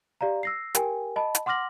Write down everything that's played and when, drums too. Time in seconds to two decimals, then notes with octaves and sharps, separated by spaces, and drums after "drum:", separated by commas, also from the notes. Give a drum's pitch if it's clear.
0.21 G4 D5 F5 A#5
0.43 E6 A#6 C7
0.75 G4 A#4 G5 G#5, drum: hi-hat
1.16 D#5 A5 B5
1.35 drum: hi-hat
1.46 F#5 C6 D6 F6 A#6 F#7